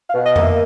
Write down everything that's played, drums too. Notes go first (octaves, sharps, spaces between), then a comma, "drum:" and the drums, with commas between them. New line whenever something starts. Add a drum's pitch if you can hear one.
F5
B2
D#5
A#3, drum: tom F2
E5